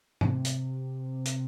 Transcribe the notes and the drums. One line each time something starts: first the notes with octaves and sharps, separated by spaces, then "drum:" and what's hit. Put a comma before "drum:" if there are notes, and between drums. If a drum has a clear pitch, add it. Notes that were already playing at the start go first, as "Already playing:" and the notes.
C3, drum: tom G#2
drum: hi-hat
drum: hi-hat